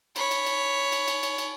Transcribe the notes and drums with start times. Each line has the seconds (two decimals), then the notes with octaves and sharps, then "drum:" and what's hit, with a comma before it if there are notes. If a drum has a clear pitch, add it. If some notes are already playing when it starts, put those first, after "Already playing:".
0.16 C#5 B5, drum: cymbal
0.31 drum: cymbal
0.46 drum: cymbal
0.92 drum: cymbal
1.08 drum: cymbal
1.23 drum: cymbal
1.38 drum: cymbal